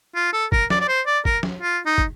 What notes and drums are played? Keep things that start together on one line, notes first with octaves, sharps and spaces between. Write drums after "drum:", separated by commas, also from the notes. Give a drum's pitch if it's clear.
F4
A4
A#4, drum: kick
D5, drum: snare
D5
C5
D5
A#4, drum: kick
drum: snare
F4
D#4
drum: kick